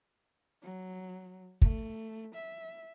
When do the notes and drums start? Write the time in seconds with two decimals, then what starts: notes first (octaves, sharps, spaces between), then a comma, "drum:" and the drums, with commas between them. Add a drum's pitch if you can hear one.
0.63 F#3
1.62 A3, drum: kick
2.35 E5